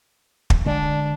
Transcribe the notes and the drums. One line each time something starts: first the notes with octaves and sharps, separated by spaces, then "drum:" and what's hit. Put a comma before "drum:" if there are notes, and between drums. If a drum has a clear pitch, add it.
drum: kick
D3 G#3 D4